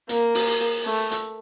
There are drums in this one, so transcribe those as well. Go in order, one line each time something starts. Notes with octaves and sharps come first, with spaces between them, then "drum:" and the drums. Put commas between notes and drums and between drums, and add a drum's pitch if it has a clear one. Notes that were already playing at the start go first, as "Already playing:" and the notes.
A#3, drum: hi-hat
drum: open hi-hat
A3
drum: hi-hat